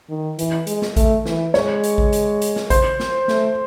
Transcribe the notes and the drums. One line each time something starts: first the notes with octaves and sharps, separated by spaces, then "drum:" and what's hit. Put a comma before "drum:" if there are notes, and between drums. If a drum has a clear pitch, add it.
D#3
E3, drum: hi-hat
G#3, drum: hi-hat
drum: snare
A3, drum: kick A1, hi-hat
E3, drum: snare
G#3 C#5, drum: snare
drum: hi-hat
drum: kick A1
drum: hi-hat
drum: hi-hat
drum: snare
C5, drum: kick A1, hi-hat
drum: snare
A3, drum: snare